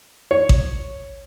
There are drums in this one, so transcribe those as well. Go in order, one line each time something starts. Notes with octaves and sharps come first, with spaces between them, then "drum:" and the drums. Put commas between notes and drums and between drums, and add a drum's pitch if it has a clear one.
C#5
drum: kick A1